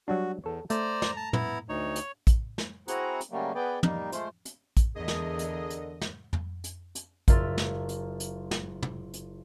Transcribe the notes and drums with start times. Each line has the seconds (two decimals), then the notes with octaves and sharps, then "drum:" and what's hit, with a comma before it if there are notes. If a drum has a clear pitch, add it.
0.08 F#3 G3 D4 F#4
0.44 E2 A4 C#5
0.70 A3 C5 D5 A#5, drum: hi-hat
1.02 drum: snare
1.17 A5
1.33 B3 E4, drum: tom
1.69 D2 D#4 C#5
1.96 drum: hi-hat
2.27 drum: kick, hi-hat
2.58 drum: snare
2.88 C4 E4 F#4 G#4 F#5 A#5, drum: hi-hat
3.21 drum: hi-hat
3.31 C#3 F#3 G3 A3 A#3
3.55 B3 G#4 B4 D5 G5
3.83 G3 A#3 D#4, drum: tom
4.12 G#3 A3 F4 C5, drum: hi-hat
4.45 drum: hi-hat
4.77 drum: kick, hi-hat
4.96 E2 D3 G#4 A#4 D#5
5.08 drum: snare
5.39 drum: hi-hat
5.70 drum: hi-hat
6.01 drum: snare
6.33 drum: tom
6.64 drum: hi-hat
6.95 drum: hi-hat
7.28 F#1 F4 A#4 E5 A6, drum: kick, hi-hat
7.58 drum: snare
7.89 drum: hi-hat
8.20 drum: hi-hat
8.51 drum: snare
8.82 drum: tom
9.14 drum: hi-hat